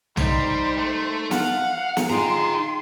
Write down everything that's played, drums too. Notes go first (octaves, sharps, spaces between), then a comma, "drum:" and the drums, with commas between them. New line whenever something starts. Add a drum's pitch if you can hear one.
G3 D#4 A#4 C5, drum: tom
A3
F5 F#5, drum: snare
drum: snare
D#4 F4 G#4 G5 A#5 C6